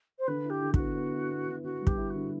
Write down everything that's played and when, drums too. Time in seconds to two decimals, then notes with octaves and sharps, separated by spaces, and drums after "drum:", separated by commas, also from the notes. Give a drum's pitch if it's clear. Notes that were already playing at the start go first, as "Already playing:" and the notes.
0.19 C5
0.27 D3 B4
0.45 E4 G4
0.62 D3
0.74 F#4, drum: kick
0.79 B3
0.96 B3
1.13 E4
1.30 B3
1.47 D3
1.64 D3 F#4
1.81 G3
1.87 G4, drum: kick
1.98 E4
2.10 D3 F#4